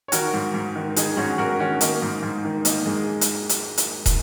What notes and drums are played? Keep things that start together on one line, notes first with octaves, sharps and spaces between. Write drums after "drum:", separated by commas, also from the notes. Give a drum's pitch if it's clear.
C#5
D#3 F#4 A#4, drum: hi-hat
G#2
G#2
D#3
D#3 D#4 G#4, drum: hi-hat
G#2 C#4 F#4
G#2 F#4 A#4
D#3 C#4 F#4
D#3 A#3 D#4, drum: hi-hat
G#2
G#2
D#3
D#3 A#3 D#4, drum: hi-hat
G#2 G#3
drum: hi-hat
drum: hi-hat
drum: hi-hat
drum: kick, hi-hat